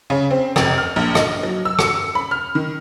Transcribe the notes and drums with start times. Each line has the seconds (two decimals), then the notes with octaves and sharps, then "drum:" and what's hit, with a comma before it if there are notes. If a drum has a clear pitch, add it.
0.10 C#3
0.31 C4
0.56 F1, drum: rim click
0.78 F6
0.96 A#1
1.15 D#5, drum: rim click
1.43 F#3
1.65 E6
1.79 C#7, drum: rim click
2.15 B5
2.31 F6
2.55 D#3